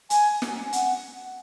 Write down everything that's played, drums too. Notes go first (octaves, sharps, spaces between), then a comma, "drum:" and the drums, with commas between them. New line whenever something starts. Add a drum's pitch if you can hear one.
G#5, drum: hi-hat
drum: snare
F#5, drum: hi-hat